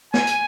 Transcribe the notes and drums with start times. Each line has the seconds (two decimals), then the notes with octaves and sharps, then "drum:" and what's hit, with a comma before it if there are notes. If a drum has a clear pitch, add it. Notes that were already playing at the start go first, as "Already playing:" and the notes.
0.14 G#5, drum: snare
0.27 drum: hi-hat